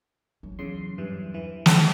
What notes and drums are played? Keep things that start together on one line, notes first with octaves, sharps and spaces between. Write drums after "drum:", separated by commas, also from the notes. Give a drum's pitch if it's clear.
F#3
E2 C#3 C6
E2 G2 E3
E3
drum: snare